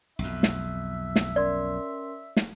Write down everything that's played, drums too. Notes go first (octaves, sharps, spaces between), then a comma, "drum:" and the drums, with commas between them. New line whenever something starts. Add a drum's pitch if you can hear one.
B1 F2 E5
drum: snare
drum: snare
C#4 A#4 D5 C6
drum: snare